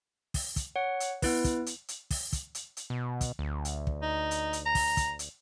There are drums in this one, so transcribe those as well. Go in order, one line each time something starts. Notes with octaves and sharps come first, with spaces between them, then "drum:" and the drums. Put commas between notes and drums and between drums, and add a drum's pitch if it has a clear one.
drum: kick, open hi-hat
drum: kick, hi-hat
C#5 F#5
drum: hi-hat
B3 E4 B4, drum: kick, open hi-hat
drum: kick, hi-hat
drum: hi-hat
drum: hi-hat
drum: kick, open hi-hat
drum: kick, hi-hat
drum: hi-hat
drum: hi-hat
B2
drum: kick, hi-hat
D2
drum: hi-hat
drum: kick
D#4
drum: hi-hat
drum: hi-hat
A#5
drum: kick, open hi-hat
drum: kick, hi-hat
drum: hi-hat